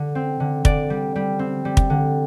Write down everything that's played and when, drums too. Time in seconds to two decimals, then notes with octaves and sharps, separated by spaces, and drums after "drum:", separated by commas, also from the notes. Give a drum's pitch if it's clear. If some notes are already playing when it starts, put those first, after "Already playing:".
Already playing: D3 G3
0.15 C4
0.40 D3
0.65 D3 D5, drum: kick
0.90 G3
1.16 G3
1.39 C4
1.65 G3
1.77 drum: kick
1.90 D3